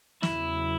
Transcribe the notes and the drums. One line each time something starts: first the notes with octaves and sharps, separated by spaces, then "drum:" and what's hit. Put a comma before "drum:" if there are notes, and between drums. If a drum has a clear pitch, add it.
E2 C#3 F#3 E4, drum: snare